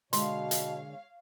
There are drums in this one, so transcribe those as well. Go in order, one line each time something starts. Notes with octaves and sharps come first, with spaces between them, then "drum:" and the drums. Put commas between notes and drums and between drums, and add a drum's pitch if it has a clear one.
B2 D3 G#3 A#3 C#5 F5 C6, drum: hi-hat
drum: hi-hat